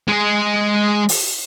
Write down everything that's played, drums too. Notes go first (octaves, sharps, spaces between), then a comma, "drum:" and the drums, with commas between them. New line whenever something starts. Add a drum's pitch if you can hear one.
G#3 G#4
drum: open hi-hat